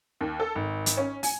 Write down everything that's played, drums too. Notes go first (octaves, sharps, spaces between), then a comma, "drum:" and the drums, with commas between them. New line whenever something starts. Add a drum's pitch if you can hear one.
D#2
A4
G#1
drum: hi-hat
C#4
G#5, drum: open hi-hat